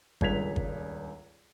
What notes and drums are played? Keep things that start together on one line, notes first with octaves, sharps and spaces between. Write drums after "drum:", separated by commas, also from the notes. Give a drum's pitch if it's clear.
D#1 C#2 G2 G#6 B6 F7, drum: kick G1
drum: kick G1